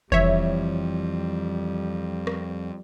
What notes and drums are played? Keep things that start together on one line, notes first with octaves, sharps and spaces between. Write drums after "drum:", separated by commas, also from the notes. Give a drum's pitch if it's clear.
F2 E3 G3 C#5 E5, drum: kick F1
drum: rim click